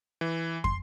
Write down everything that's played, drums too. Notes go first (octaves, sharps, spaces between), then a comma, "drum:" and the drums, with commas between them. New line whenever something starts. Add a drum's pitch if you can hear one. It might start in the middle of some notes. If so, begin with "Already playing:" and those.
E3
C6, drum: kick